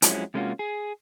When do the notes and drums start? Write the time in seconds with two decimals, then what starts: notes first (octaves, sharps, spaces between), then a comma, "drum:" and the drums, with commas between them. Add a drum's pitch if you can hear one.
0.02 F2 F3 F#3 G#3 C#4 E4, drum: hi-hat
0.34 C3 G#3 A#3 C#4 F4 F#4
0.59 G#4